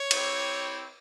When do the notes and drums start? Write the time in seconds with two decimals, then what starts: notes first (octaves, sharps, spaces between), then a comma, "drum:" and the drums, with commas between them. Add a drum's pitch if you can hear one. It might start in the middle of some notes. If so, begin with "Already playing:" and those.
Already playing: C#5
0.11 C4 E4 G4, drum: cymbal